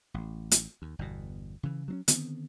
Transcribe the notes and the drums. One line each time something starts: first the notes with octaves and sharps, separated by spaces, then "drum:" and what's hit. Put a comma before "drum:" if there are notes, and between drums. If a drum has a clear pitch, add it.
A1
drum: hi-hat
D#2
G1 E2 B2
C#3 E3
F#3 C4 C#4
D3 D#3 B3 C4, drum: hi-hat